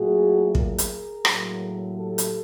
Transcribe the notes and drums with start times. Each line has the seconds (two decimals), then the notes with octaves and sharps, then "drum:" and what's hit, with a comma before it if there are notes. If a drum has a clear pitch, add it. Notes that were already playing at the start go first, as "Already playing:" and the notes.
Already playing: A#2 F#3 A3 F#4 G#4
0.55 G#4 A#4, drum: kick
0.78 drum: hi-hat
1.25 A2 F#3 A#3, drum: rim click
1.94 G4 A4
2.18 drum: hi-hat